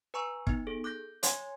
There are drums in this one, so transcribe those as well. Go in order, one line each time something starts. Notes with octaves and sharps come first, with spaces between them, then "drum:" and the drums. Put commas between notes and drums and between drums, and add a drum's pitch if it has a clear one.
B4 G#5 A#5 C#6 E6
B3 D#4, drum: kick
G#4 A4
D6 F#6 G6 A#6
C#5 G#5 C6 G#6, drum: hi-hat